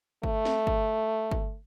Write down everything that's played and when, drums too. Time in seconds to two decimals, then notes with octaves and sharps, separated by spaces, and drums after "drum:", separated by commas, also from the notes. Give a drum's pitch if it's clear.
0.23 A3, drum: kick G1
0.45 drum: snare
0.67 drum: kick G1
1.31 drum: kick G1